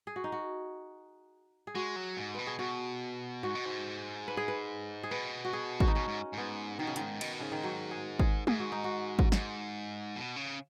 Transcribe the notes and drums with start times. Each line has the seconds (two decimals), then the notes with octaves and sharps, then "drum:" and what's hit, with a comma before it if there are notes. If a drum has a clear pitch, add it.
0.07 G#4
0.16 F#4
0.24 D#4
0.32 F#4
1.67 G#4
1.75 G#3 F#4
1.96 F#3
2.17 G#2
2.35 B2 B4
2.47 G#4
2.59 B2 F#4
3.43 G#2 F#4
3.55 B2
3.65 G#2
4.28 B4
4.37 G#4
4.48 B4
5.03 G#4
5.11 B2 B4
5.45 F#4
5.53 G#4
5.80 F#4, drum: kick G#1
5.88 D#4
5.95 B2 C#4
6.08 G#2
6.33 G#2 B3
6.79 B2 D#3
6.87 C#3
6.96 G#2 D#3, drum: hi-hat
7.21 B2, drum: cymbal
7.40 G#2 C#3
7.52 D#3
7.63 F#3
7.91 G#4
8.19 G#4, drum: kick G#1
8.47 G#2 G#4, drum: tom G#3
8.60 F#4
8.72 D#4
8.84 F#4
9.19 drum: kick G#1
9.32 G#2, drum: snare
10.16 B2
10.36 C#3